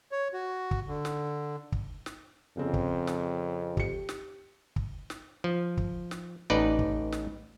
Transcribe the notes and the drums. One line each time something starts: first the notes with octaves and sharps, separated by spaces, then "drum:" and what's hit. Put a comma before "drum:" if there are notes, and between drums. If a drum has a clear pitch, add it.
C#5
F#4
drum: kick
D3
drum: snare
drum: kick
drum: snare
F2 C#3 C4
drum: kick
drum: snare
G4 C#7, drum: kick
drum: snare
drum: kick
drum: snare
F3
drum: kick
drum: snare
A1 D#4 B4 D5
drum: kick
drum: snare